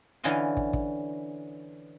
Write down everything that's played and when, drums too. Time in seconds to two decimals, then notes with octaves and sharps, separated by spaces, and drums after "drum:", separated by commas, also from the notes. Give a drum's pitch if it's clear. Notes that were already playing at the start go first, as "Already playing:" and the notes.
0.24 D3 E3 C#4 D#5 F5
0.57 drum: kick
0.73 drum: kick